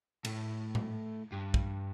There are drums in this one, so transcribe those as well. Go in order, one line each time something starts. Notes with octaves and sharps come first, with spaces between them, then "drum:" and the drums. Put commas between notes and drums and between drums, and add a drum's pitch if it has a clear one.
A2, drum: cymbal
drum: tom A2
G2
drum: kick